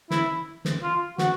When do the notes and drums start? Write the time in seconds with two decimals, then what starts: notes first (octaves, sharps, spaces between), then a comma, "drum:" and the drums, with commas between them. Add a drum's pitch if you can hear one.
0.10 E4, drum: snare
0.65 drum: snare
0.83 F4
1.18 F#4, drum: snare